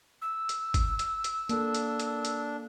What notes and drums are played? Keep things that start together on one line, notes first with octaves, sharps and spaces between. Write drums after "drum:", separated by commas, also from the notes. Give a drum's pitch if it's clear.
E6
drum: hi-hat
drum: kick G1, hi-hat
drum: hi-hat
drum: hi-hat
A#3 D4 A4, drum: hi-hat
drum: hi-hat
drum: hi-hat
drum: hi-hat